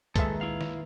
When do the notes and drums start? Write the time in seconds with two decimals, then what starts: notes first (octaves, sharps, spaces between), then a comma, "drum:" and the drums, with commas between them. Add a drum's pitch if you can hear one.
0.16 A#2 D#3 G#3 A4 B4 E5, drum: kick, hi-hat
0.41 E4 F5
0.61 drum: snare